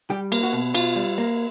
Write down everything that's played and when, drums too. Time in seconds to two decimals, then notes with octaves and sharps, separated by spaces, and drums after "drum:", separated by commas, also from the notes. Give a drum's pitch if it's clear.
0.10 G3 G4
0.32 A#3, drum: cymbal
0.43 F#4
0.53 B2
0.75 B2 F4, drum: cymbal
0.96 G3
1.18 A#3